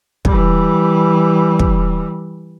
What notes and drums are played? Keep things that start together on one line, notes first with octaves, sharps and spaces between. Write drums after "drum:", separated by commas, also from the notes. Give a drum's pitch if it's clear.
E3 G3, drum: kick
drum: kick